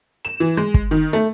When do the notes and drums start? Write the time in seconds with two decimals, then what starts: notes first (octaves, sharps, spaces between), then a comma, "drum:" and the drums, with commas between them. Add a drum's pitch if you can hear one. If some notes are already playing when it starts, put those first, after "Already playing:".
0.25 E7
0.40 E3
0.57 G#3
0.74 drum: kick
0.91 D#3
1.13 A3